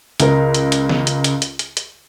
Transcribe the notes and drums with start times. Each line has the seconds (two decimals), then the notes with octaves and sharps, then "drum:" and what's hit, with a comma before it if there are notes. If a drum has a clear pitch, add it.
0.20 C#2 A#4, drum: hi-hat
0.54 drum: hi-hat
0.72 drum: hi-hat
0.89 drum: snare
1.07 drum: hi-hat
1.24 drum: hi-hat
1.42 drum: hi-hat
1.59 drum: hi-hat
1.77 drum: hi-hat